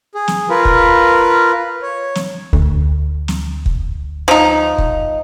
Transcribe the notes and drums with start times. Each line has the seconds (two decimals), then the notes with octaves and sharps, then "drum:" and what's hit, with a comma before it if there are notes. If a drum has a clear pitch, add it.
0.15 G#4
0.28 drum: snare
0.49 F4 A#4 B4
0.65 drum: kick
1.82 C#5
2.15 drum: snare
2.53 D2, drum: kick
3.28 drum: snare
3.66 drum: kick
4.28 F3 D#4
4.78 drum: kick